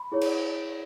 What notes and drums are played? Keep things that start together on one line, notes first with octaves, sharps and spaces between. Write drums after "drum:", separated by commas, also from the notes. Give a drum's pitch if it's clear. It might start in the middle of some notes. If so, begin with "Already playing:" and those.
Already playing: B5
E4 G#4 C#5
drum: cymbal